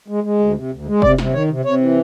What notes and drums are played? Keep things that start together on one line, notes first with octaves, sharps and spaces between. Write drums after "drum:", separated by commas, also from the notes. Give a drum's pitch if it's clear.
G#3
G#3
D2
C3
D2
G#3
C3 D5, drum: kick
C3, drum: snare
D#3 C#5
C3
C3 C#5
E3